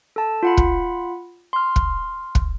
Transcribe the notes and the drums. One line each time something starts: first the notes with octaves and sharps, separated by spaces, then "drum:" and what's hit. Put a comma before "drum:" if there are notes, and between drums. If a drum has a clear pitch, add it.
A4 A5
F4 F#5 B5
drum: kick
C6 F6
drum: kick
drum: kick